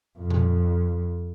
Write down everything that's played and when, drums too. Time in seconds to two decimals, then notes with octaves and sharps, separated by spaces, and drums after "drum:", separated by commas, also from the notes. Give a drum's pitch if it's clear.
0.19 F2
0.30 drum: tom A#2